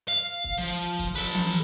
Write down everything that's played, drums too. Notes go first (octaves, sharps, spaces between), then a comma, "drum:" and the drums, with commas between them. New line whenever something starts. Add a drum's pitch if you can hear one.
F5
drum: kick C#1
F3
drum: kick C#1
A4 B4
drum: tom E3